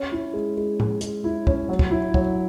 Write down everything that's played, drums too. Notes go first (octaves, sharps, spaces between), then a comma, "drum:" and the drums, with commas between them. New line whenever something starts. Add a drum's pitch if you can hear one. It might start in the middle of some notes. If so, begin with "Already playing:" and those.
Already playing: C#4
E4
G#3
G#3
G#3, drum: tom A2
G#3, drum: hi-hat
E4
C#4, drum: kick
F#3
drum: kick
E4
F#3, drum: kick